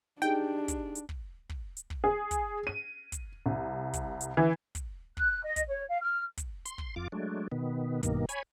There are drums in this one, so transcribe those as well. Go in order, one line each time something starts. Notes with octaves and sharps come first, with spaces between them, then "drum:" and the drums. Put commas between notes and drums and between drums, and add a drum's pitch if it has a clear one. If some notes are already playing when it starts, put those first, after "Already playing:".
D4 D#4 G4 G#4 G5
drum: kick, hi-hat
drum: hi-hat
drum: kick
drum: kick
drum: hi-hat
drum: kick
G#4
drum: kick, hi-hat
D#7
drum: kick, hi-hat
C2
drum: kick, hi-hat
drum: hi-hat
E3
drum: kick, hi-hat
F#6, drum: kick
D#5
drum: kick, hi-hat
C#5
F5
F6
drum: kick, hi-hat
C6, drum: hi-hat
drum: kick
F2 F4 D6
F#3 G#3 A3 D4
B2 D#3 B3
G2 B2 D#3 A#3, drum: kick, hi-hat
C#5 G#5 B5, drum: hi-hat